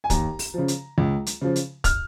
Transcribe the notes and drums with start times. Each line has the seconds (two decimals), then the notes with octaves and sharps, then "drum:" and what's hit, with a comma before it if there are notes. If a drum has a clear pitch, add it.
0.04 G#5
0.10 D#2 A#5, drum: kick, hi-hat
0.39 drum: open hi-hat
0.54 C#3 F3
0.68 drum: hi-hat
0.98 C#2
1.26 drum: hi-hat
1.41 C#3 F3
1.56 drum: hi-hat
1.84 F6, drum: kick, hi-hat